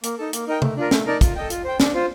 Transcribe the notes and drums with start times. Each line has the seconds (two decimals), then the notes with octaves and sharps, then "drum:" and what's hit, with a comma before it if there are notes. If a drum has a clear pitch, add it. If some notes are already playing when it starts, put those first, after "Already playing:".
0.03 A#3, drum: hi-hat
0.18 D#4 A4
0.33 A#3, drum: hi-hat
0.47 D#4 A#4 D#5 G5
0.62 A3, drum: tom C3
0.77 D4 F4 A#4
0.91 A3, drum: snare
1.06 D#4 A#4 D5 A5
1.21 F4, drum: kick, hi-hat
1.36 A4 D#5 G5
1.50 F4, drum: hi-hat
1.64 C5 G5
1.80 D4, drum: snare
1.94 F4 C5